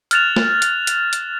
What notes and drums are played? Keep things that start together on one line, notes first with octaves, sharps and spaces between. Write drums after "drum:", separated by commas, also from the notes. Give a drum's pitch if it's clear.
F6 F#6 A6 E7 F7, drum: hi-hat
drum: snare
drum: hi-hat
drum: hi-hat
drum: hi-hat